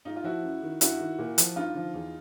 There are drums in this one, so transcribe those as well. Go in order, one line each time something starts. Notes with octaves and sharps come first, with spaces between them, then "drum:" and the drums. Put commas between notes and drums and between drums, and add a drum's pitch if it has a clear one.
G#2 D#4 F4
F4
F3 E4 F#4
F#2
D#3
G2 E4 F#4, drum: hi-hat
D#3
A#2
F3, drum: hi-hat
G2 D#4 F4
D3 F3
E2